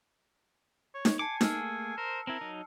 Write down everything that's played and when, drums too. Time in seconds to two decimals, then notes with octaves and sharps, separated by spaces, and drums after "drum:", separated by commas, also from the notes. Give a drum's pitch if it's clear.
0.94 C#5
1.05 drum: snare D#4
1.19 G#5 A5 D6 C7 C#7
1.41 A3 A#3 G#4 E6 F6, drum: snare D#4
1.98 A#4 C5
2.27 C4 E4 A#4
2.41 F#3 D#4